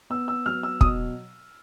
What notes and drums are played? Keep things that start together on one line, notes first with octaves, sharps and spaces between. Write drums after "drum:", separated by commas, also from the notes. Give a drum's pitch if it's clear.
B3 E6
E6
F#3 F6
E6
B2 D#6, drum: kick